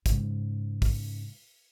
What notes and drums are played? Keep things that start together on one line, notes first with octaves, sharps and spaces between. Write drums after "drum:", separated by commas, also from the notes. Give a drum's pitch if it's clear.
G#2 C#3, drum: kick, hi-hat
drum: kick, open hi-hat